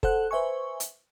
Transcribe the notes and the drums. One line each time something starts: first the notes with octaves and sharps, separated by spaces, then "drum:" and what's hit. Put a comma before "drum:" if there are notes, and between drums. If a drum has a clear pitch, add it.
A4 C5 F#5 F#6, drum: kick F#1
B4 C5 E5 G#5 C#6
drum: hi-hat